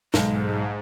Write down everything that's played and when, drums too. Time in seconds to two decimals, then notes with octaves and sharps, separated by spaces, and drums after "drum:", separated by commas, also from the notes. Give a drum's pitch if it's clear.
0.14 B1 G#2 G#3, drum: snare